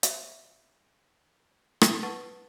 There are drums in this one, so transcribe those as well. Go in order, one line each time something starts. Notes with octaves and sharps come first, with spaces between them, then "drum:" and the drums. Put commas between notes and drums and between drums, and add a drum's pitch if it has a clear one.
C5 E5, drum: hi-hat
drum: rim click
B4 F#5 A5 C#6 A6